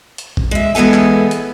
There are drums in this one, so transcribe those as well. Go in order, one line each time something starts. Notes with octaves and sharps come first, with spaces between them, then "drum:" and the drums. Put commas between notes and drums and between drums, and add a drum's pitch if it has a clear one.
drum: hi-hat
drum: kick A#1
G#3 E5
E3 G#3 B3 A4 G#5
drum: clap
drum: hi-hat